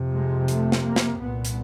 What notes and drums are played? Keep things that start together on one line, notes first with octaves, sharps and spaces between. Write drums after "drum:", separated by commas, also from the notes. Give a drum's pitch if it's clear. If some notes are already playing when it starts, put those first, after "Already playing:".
Already playing: F2 C3
G#3
A3, drum: hi-hat
drum: snare
A#3
drum: snare
C2 A#2 B3
drum: hi-hat